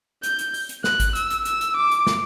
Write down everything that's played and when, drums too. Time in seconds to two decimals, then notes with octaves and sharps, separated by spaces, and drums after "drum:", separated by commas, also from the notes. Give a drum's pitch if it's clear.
0.23 G6, drum: hi-hat
0.39 drum: hi-hat
0.54 drum: open hi-hat
0.69 drum: hi-hat
0.84 F#6, drum: snare
1.00 drum: kick G#1, hi-hat
1.15 E6, drum: hi-hat
1.30 drum: hi-hat
1.45 E6, drum: hi-hat
1.61 drum: hi-hat
1.76 D6
1.91 drum: hi-hat
2.07 drum: snare